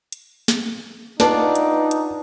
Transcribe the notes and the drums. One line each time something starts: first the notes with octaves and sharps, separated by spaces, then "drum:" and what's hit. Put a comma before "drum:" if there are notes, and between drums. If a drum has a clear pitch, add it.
drum: hi-hat
drum: snare
D4 D#4 F4 B4 D5 F#5, drum: snare
drum: hi-hat
drum: hi-hat